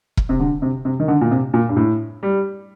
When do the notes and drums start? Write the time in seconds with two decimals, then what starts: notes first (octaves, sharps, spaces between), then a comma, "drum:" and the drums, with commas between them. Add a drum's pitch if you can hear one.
0.17 drum: kick E1
0.29 C3
0.40 D3
0.62 C3
0.85 C3
1.00 D#3
1.08 D3
1.21 A#2
1.31 C3
1.54 A#2
1.69 G2
1.76 A2
2.23 G3